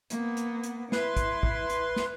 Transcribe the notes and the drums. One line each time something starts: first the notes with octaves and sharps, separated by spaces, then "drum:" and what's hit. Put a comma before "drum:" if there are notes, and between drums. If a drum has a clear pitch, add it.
A#3 B3, drum: hi-hat
drum: hi-hat
drum: hi-hat
E4 B4 C6, drum: snare
drum: kick, hi-hat
drum: kick
drum: hi-hat
drum: snare